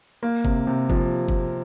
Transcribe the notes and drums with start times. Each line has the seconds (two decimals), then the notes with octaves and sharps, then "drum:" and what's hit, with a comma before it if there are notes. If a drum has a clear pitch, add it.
0.23 A#3
0.45 C3, drum: kick F#1
0.67 C3
0.90 F3, drum: kick F#1
1.29 drum: kick F#1